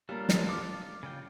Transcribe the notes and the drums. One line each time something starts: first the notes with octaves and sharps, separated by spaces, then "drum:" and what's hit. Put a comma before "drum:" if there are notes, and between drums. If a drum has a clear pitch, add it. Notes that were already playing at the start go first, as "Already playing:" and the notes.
G3 A#3 D4 F4 A4 A#4
drum: snare
D6 F6
C#3 F4 G5